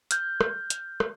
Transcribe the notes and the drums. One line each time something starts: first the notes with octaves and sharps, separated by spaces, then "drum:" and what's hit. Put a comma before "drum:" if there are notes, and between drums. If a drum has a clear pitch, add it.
F6 G6, drum: hi-hat
drum: rim click
drum: hi-hat
drum: rim click